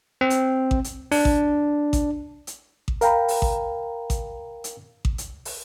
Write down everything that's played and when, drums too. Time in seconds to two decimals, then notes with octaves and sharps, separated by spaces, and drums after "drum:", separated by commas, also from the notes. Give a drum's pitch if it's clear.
0.21 C4
0.30 drum: hi-hat
0.71 drum: kick A1
0.84 drum: hi-hat
1.12 D4, drum: open hi-hat
1.25 drum: kick A1
1.93 drum: kick A1, hi-hat
2.47 drum: hi-hat
2.88 drum: kick A1
3.01 A#4 F5 G5 A#5 B5, drum: hi-hat
3.28 drum: open hi-hat
3.42 drum: kick A1
4.10 drum: kick A1, hi-hat
4.64 drum: hi-hat
5.05 drum: kick A1
5.18 drum: hi-hat
5.45 drum: open hi-hat